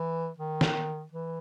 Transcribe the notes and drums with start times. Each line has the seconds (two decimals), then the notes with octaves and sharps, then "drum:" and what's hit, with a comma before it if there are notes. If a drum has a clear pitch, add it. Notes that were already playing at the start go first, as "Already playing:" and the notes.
Already playing: E3
0.38 D#3
0.61 drum: snare
1.12 E3